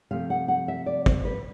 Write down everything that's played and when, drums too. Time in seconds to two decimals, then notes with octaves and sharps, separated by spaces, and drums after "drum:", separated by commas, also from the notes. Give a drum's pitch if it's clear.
0.11 C3 F3 A3 F5
0.30 F#5
0.48 F#5
0.68 E5
0.86 D5
1.06 C5, drum: kick
1.25 B4